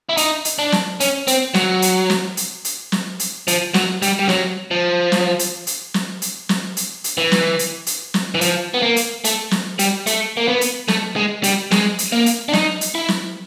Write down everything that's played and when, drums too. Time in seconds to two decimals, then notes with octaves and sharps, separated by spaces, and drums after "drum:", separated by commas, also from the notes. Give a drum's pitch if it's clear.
0.09 E4
0.17 D#4, drum: hi-hat
0.45 drum: hi-hat
0.59 D4
0.72 drum: snare
1.00 C#4, drum: hi-hat
1.27 C4, drum: hi-hat
1.54 F#3, drum: snare
1.82 drum: hi-hat
2.10 drum: snare
2.37 drum: hi-hat
2.65 drum: hi-hat
2.92 drum: snare
3.19 drum: hi-hat
3.48 F3, drum: hi-hat
3.74 F#3, drum: snare
4.02 G3, drum: hi-hat
4.19 G3
4.29 F#3, drum: snare
4.71 F3
5.12 drum: snare
5.39 drum: hi-hat
5.67 drum: hi-hat
5.94 drum: snare
6.22 drum: hi-hat
6.49 drum: snare
6.77 drum: hi-hat
7.04 drum: hi-hat
7.18 E3
7.32 drum: snare
7.59 drum: hi-hat
7.87 drum: hi-hat
8.14 drum: snare
8.35 E3
8.41 F3, drum: hi-hat
8.74 B3
8.82 A#3
8.96 drum: hi-hat
9.24 A3, drum: hi-hat
9.51 drum: snare
9.79 G3, drum: hi-hat
10.07 A3, drum: hi-hat
10.37 A#3
10.48 B3
10.61 drum: hi-hat
10.88 A3, drum: snare
11.16 G#3
11.43 G3, drum: hi-hat
11.71 G#3, drum: snare
11.99 drum: hi-hat
12.12 A#3
12.26 drum: hi-hat
12.49 D4
12.53 D#4, drum: snare
12.81 drum: hi-hat
12.95 E4
13.08 drum: snare